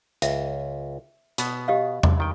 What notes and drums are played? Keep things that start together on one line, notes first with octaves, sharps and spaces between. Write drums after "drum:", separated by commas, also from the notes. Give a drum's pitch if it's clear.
C#2 E5, drum: hi-hat
B2 B3, drum: hi-hat
G4 D#5 F5
drum: tom E2
D#3 G5